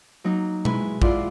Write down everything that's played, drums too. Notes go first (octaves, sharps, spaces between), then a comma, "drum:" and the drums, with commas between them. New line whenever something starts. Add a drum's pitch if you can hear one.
F#3 A#3 D#4
G#3 E4 B4 G#5, drum: tom B2
E4 F4 D5 F#5 C6, drum: kick